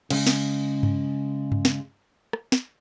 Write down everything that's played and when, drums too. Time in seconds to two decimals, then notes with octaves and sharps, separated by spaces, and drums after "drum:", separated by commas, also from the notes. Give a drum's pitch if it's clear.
0.10 C#3 G#3, drum: cymbal
0.27 drum: snare
0.83 drum: tom G2
1.52 drum: tom G2
1.65 drum: snare
2.33 drum: rim click
2.52 drum: snare